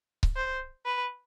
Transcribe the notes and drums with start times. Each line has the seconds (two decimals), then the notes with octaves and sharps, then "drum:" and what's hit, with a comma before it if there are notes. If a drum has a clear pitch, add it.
0.23 drum: kick C#1
0.36 C5
0.86 B4